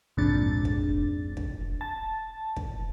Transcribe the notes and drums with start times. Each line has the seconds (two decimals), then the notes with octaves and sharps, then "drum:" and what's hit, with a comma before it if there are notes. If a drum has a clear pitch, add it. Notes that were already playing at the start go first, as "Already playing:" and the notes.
0.17 A#1 F2 G#2 C3 D4 A6
0.65 drum: kick
1.37 drum: kick
1.81 A5
2.56 drum: kick